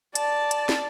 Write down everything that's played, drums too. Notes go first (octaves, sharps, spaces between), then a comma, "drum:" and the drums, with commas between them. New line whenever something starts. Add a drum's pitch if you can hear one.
D5 A5, drum: hi-hat
drum: hi-hat
drum: snare